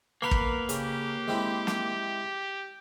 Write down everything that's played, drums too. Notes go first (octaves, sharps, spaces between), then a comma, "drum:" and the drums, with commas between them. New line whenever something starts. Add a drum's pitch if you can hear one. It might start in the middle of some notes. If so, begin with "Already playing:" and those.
A#3 B3 A#4 B4 B5 C6
drum: kick
C#3 G4, drum: hi-hat
G#3 C4 E4
drum: snare